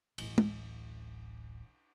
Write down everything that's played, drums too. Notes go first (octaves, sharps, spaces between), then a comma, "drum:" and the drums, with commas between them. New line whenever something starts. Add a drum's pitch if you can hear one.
D1 A1, drum: cymbal
drum: tom